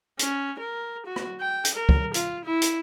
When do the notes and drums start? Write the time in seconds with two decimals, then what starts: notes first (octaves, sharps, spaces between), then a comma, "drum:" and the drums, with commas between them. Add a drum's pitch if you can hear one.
0.19 C#4, drum: hi-hat
0.59 A#4
1.06 F#4
1.16 drum: rim click
1.40 G5
1.65 drum: hi-hat
1.75 A#4
1.89 drum: kick
2.14 F4, drum: hi-hat
2.45 E4
2.62 drum: hi-hat